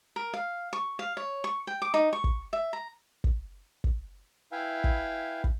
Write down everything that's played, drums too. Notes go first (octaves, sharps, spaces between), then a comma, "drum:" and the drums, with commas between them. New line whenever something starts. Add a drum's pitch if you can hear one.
A#4
F5
C#6
F5
C#5
C#6
G5
D6
D#4
C#6
drum: kick
E5
A#5
drum: kick
drum: kick
E4 B4 E5 F5 G5 G#5
drum: kick
drum: kick